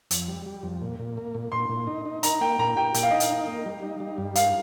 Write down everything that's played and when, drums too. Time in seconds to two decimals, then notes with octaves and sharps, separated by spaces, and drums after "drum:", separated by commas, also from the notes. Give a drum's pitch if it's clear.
0.11 F2, drum: hi-hat
0.28 G3
0.46 G3
0.63 F2
0.82 A#2
0.99 A#2
1.17 A#3
1.35 A#2
1.52 A#2 C6
1.69 A#2
1.87 D#4
2.05 D#4
2.23 D#4 A#5, drum: hi-hat
2.41 A#3 G5
2.59 A#2 A#5
2.76 G4 G5
2.94 A#2 G5, drum: hi-hat
3.03 F5
3.11 D#4 D#5
3.20 F5, drum: hi-hat
3.30 D#4
3.48 A#3
3.66 G3
3.83 D#4
4.00 G3
4.18 G2
4.35 G4 F5, drum: hi-hat